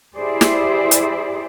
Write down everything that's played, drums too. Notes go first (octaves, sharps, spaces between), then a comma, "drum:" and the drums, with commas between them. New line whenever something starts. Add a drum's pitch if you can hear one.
E4 G4 G#4 C5 D5
drum: snare
drum: hi-hat